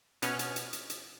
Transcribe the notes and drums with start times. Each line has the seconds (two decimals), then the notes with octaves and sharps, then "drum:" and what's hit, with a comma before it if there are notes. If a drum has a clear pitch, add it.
0.22 B2 C#4 F6, drum: hi-hat
0.39 drum: hi-hat
0.56 drum: hi-hat
0.73 drum: hi-hat
0.90 drum: hi-hat